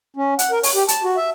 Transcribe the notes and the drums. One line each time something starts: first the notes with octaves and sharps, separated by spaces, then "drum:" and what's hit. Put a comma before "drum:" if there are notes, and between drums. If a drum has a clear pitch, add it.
C#4
F#5, drum: hi-hat
A#4
C#5, drum: open hi-hat
G4
A5, drum: hi-hat
F#4
E5